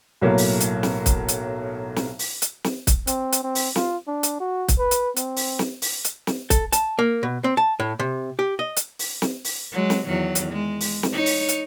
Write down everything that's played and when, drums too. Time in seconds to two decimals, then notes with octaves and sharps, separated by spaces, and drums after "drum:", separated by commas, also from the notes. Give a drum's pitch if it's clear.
0.21 B1 A2 F#3 A#3
0.38 drum: open hi-hat
0.60 drum: hi-hat
0.83 drum: snare
1.06 drum: kick, hi-hat
1.28 drum: hi-hat
1.96 drum: snare
2.19 drum: open hi-hat
2.42 drum: hi-hat
2.64 drum: snare
2.87 drum: kick, hi-hat
3.07 C4, drum: hi-hat
3.32 drum: hi-hat
3.43 C4
3.55 drum: open hi-hat
3.76 F4, drum: snare
4.08 D4
4.23 drum: hi-hat
4.40 F#4
4.68 drum: kick, hi-hat
4.78 B4
4.91 drum: hi-hat
5.16 C4, drum: hi-hat
5.36 drum: open hi-hat
5.59 drum: snare
5.82 drum: open hi-hat
6.04 drum: hi-hat
6.27 drum: snare
6.50 A4, drum: kick, hi-hat
6.72 A5, drum: hi-hat
6.99 A#3
7.23 B2
7.44 C4
7.57 A5
7.80 A2
7.99 C3
8.39 G4
8.59 D#5
8.76 drum: hi-hat
8.99 drum: open hi-hat
9.22 drum: snare
9.44 drum: open hi-hat
9.72 F#3 G#3
9.90 drum: snare
10.07 E2 D#3 F#3
10.35 drum: hi-hat
10.52 G#3
10.80 drum: open hi-hat
11.03 drum: snare
11.13 D#4 C#5
11.26 drum: open hi-hat
11.48 drum: hi-hat